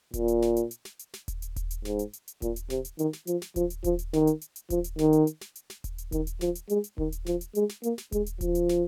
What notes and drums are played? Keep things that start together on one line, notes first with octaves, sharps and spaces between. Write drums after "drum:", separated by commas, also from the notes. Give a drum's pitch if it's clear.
A#2, drum: kick D#1, hi-hat
drum: hi-hat
drum: snare
drum: hi-hat
drum: hi-hat
drum: snare
drum: hi-hat
drum: snare
drum: kick D#1, hi-hat
drum: hi-hat
drum: kick D#1, hi-hat
drum: hi-hat
G#2, drum: snare
drum: hi-hat
drum: hi-hat
drum: hi-hat
A#2, drum: kick D#1, hi-hat
drum: hi-hat
C3, drum: snare
drum: hi-hat
D#3, drum: hi-hat
drum: snare
F3, drum: hi-hat
drum: snare
F3, drum: kick D#1, hi-hat
drum: hi-hat
F3, drum: kick D#1, hi-hat
drum: hi-hat
D#3, drum: snare
drum: hi-hat
drum: hi-hat
drum: hi-hat
F3, drum: kick D#1, hi-hat
drum: hi-hat
D#3, drum: snare
drum: hi-hat
drum: hi-hat
drum: snare
drum: hi-hat
drum: snare
drum: kick D#1, hi-hat
drum: hi-hat
D#3, drum: kick D#1, hi-hat
drum: hi-hat
F3, drum: snare
drum: hi-hat
G#3, drum: hi-hat
drum: hi-hat
D#3, drum: kick D#1
drum: hi-hat
F3, drum: snare
drum: hi-hat
G#3, drum: hi-hat
drum: snare
A#3, drum: hi-hat
drum: snare
G#3, drum: kick D#1, hi-hat
drum: hi-hat
F3, drum: kick D#1, hi-hat
drum: hi-hat
drum: snare